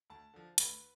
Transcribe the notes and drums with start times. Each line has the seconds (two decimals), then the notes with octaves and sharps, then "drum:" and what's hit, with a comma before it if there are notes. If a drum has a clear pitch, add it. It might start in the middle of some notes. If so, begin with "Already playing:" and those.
0.10 D2 A5
0.34 D3 F3
0.58 D2 B4, drum: hi-hat